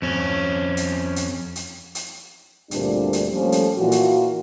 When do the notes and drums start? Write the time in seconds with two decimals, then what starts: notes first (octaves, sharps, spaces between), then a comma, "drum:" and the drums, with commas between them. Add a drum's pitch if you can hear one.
0.02 F2 C#4
0.77 drum: hi-hat
1.16 drum: hi-hat
1.56 drum: hi-hat
1.95 drum: hi-hat
2.71 D2 G2 A#2 G3 C4 D4, drum: hi-hat
3.13 drum: hi-hat
3.33 F3 G3 A3 A#3 C#4
3.52 drum: hi-hat
3.78 A#2 E3 A#3 F4 F#4
3.92 drum: hi-hat